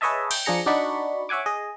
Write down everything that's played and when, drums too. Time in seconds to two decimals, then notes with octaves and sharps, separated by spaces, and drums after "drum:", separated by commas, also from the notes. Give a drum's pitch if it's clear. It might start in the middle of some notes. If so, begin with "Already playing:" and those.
0.01 G#4 B4 C#5 D#5 E5 A5
0.31 G5, drum: cymbal
0.45 F3 D4 G#4 A#5 C#7
0.66 D4 D#4 F#4 D5 B5 C#6
1.29 C#5 E5 F#5 G#5 D6
1.46 G#4 D#5